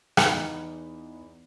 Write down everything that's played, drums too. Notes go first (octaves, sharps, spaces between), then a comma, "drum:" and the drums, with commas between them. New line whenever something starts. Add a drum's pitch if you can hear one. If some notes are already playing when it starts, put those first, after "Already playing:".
E2 B3 D#4, drum: rim click